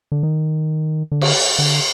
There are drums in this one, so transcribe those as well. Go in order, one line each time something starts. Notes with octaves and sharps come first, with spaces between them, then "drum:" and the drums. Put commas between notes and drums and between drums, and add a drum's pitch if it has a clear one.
D3
D#3
D3
drum: cymbal
D3